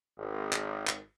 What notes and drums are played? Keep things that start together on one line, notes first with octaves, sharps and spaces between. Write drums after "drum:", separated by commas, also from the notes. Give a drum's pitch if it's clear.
G#1
drum: clap
drum: clap